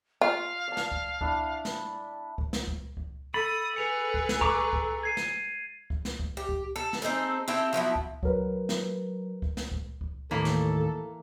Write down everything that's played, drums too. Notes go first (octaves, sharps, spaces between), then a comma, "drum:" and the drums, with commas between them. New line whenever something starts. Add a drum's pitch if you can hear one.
F4 F5
D5 A5
drum: snare
drum: kick C#2
D4 E4, drum: kick C#2
drum: snare
drum: kick C#2
drum: snare
drum: kick C#2
drum: kick C#2
A4 B5 D#6 A6
G#4 B4 C#7 F7
drum: kick C#2
drum: snare
A#5 C#6 D6, drum: kick C#2
drum: kick C#2
G#6 C7 D#7
drum: snare
drum: kick C#2
drum: snare
drum: kick C#2
G4
drum: kick C#2
A4
drum: snare
C4 D#4 G#4 A4
C4 E4 G4 A4
F3 F#3 B3 E4
drum: kick C#2
F#3 A#4 B4, drum: kick C#2
drum: snare
drum: kick C#2
drum: snare
drum: kick C#2
drum: kick C#2
D#2 A2 E3 A#3 A4
drum: snare